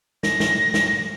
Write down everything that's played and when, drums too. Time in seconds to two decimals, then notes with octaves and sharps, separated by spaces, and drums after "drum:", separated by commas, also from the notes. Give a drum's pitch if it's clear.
0.23 A#6, drum: snare
0.40 drum: snare
0.74 drum: snare